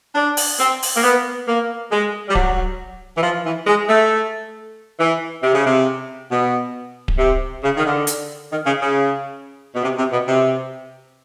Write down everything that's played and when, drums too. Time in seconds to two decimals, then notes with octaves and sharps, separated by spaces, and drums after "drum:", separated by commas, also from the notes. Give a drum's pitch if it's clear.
0.15 D4
0.37 drum: open hi-hat
0.59 C4
0.83 drum: open hi-hat
0.95 A#3
1.03 B3
1.47 A#3
1.91 G#3
2.29 G3
2.35 F#3, drum: kick D1
3.17 E3
3.23 F3
3.45 E3
3.67 G#3
3.89 A3
4.99 E3
5.43 C3
5.54 C#3
5.66 C3
6.31 B2
7.08 drum: kick D1
7.18 C3
7.63 C#3
7.77 D#3
7.85 D3
8.07 drum: hi-hat
8.51 D#3
8.66 C#3
8.80 C#3
9.75 B2
9.83 C3
9.98 C3
10.12 B2
10.27 C3